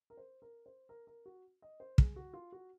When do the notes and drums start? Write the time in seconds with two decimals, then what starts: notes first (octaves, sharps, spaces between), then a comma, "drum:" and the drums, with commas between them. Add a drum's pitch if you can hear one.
0.10 A#4
0.17 C5
0.42 A#4
0.66 C5
0.89 A#4
1.07 A#4
1.26 F#4
1.62 D#5
1.80 C5
1.98 G#4, drum: kick
2.16 F#4
2.34 F4
2.52 F#4